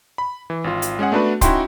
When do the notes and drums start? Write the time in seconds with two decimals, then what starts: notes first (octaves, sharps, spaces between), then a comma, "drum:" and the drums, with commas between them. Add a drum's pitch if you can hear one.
0.18 B5
0.50 E3
0.64 G#1 F4
0.82 drum: hi-hat
0.99 G#3 C#4 G#4 F#5
1.12 A3 B3 D4 F#4 B4
1.41 C#4 D#4 E4 F#4 G5 C6, drum: kick C#1, hi-hat